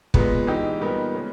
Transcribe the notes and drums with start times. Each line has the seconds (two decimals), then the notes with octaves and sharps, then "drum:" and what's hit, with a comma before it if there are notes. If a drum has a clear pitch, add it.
0.14 A#2 G#3 B3, drum: kick
0.47 E3 G#3 D#4 G4
0.80 A#2 G3 B3 D#4 A#4
1.14 C#3 G#3 B3